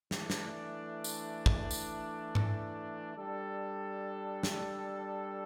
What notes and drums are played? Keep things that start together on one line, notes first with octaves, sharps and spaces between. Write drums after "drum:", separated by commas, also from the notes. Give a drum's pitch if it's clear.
E3 A3 D4, drum: snare
drum: snare
drum: tambourine
drum: kick
drum: tambourine
drum: tom G#2
G3 D4 A4
drum: snare